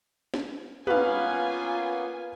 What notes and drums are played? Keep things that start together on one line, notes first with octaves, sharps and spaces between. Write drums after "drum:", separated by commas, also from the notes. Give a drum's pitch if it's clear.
drum: snare
A#3 B3 C#4 F4 B4 F5 G#5, drum: tom